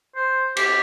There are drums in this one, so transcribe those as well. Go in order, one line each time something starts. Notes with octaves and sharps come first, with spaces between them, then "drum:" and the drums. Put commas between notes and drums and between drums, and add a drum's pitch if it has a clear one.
C5
G4, drum: cymbal